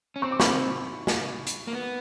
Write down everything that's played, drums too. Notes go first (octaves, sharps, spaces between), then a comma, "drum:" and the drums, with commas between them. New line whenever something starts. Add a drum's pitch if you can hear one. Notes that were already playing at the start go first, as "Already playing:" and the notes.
C#4
C4 C#6
D6
B5 C#6, drum: snare
drum: snare
drum: hi-hat
A#3
B3